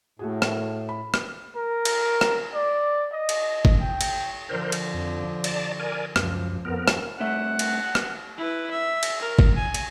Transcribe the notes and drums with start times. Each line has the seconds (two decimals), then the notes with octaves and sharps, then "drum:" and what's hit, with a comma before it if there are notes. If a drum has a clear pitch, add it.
0.19 A2 A3 F#4 G#4
0.42 drum: rim click
0.89 B5
1.14 drum: rim click
1.56 A#4
1.85 drum: cymbal
2.21 drum: rim click
2.54 D5
3.12 D#5
3.29 drum: cymbal
3.65 drum: kick G1
3.81 G5
4.01 drum: cymbal
4.49 D3 F3 A#4 C5
4.72 drum: cymbal
4.94 F2
5.44 D5 A5, drum: cymbal
5.79 A#4 D5 G#5
6.16 C#2 F#2 F3, drum: rim click
6.65 F2 B3 A#4
6.88 drum: rim click
7.20 C2 A3 E5 F#5
7.59 drum: cymbal
7.95 drum: rim click
8.38 E4 B4
8.71 E5
9.03 drum: cymbal
9.22 A#4
9.39 drum: kick G1
9.56 G#5
9.74 drum: cymbal